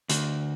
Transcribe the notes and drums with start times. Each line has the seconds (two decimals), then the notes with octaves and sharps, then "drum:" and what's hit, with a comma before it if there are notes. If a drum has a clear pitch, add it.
0.09 D2, drum: hi-hat